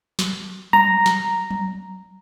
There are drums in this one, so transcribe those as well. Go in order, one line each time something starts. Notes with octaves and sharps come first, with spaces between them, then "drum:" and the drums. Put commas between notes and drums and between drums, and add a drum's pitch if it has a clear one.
drum: snare
A#5, drum: tom F#3
drum: snare
drum: tom F#3